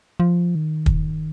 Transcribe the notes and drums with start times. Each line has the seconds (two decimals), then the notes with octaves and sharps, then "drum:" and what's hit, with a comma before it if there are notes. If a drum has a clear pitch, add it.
0.20 F3
0.55 D#3
0.86 drum: kick